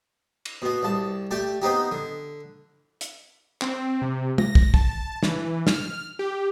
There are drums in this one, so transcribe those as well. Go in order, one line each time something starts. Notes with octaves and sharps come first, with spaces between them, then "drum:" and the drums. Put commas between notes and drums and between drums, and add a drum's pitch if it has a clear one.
drum: cymbal
B2 B3
C2 A5
A3 G4 D5
B3 C4 D#4 G4
D3
drum: hi-hat
C4, drum: clap
C3
A#6, drum: tom G#3
drum: kick
A5, drum: kick
E3, drum: snare
F6, drum: snare
G4